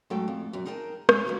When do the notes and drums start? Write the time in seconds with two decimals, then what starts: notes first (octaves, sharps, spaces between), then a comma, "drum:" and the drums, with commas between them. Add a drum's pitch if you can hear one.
0.10 G#2 F#3 A3 C#4 A4 G5
0.28 F2
0.53 F#2 B2
0.65 D#4 G#4 A#4 G5 A5
1.09 G#3, drum: rim click
1.25 F2 D3 E3 F#3